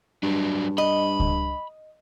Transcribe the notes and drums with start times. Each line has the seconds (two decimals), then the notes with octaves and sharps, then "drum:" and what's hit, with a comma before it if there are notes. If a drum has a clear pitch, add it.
0.23 G2 F#3 D4
0.78 D#5 B5
1.20 drum: kick C#2